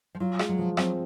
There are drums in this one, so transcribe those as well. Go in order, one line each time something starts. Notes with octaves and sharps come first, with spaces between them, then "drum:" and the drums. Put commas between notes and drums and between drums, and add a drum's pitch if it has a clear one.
F3
F#3 F4
G#3, drum: rim click
F#3
F3
F#3 C4, drum: rim click